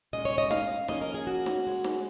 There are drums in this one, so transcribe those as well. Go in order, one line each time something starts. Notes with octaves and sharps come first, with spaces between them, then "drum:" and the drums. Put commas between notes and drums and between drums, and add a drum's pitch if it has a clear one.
A#2 G#3 C#4 D#5
C#5
D#5
F5, drum: snare
F3 A#3 C#4 D#5, drum: snare
A#4
G#4
F#4
drum: snare
C#3 G#3 C#4
drum: snare